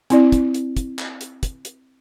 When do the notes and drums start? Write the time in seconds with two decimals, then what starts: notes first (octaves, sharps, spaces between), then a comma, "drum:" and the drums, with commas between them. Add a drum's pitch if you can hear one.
0.10 C4 E4 D5, drum: hi-hat
0.32 drum: kick, hi-hat
0.54 drum: hi-hat
0.77 drum: kick, hi-hat
0.99 drum: clap
1.21 drum: hi-hat
1.43 drum: kick, hi-hat
1.65 drum: hi-hat